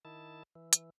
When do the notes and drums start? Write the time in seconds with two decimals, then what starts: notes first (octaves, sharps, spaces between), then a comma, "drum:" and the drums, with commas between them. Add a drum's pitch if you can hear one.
0.05 D#3 E4 A5
0.55 E3
0.73 drum: hi-hat